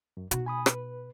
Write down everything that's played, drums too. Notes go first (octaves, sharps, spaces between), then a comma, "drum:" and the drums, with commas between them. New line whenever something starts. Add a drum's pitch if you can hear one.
F#2
B2 D#4 F#4, drum: hi-hat
G#5 B5 D#6
B4, drum: rim click